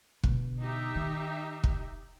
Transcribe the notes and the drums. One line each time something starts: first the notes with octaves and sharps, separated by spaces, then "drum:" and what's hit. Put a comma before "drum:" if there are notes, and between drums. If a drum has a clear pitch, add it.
B2 D3, drum: kick
D#4 G4 E5
D#3
drum: kick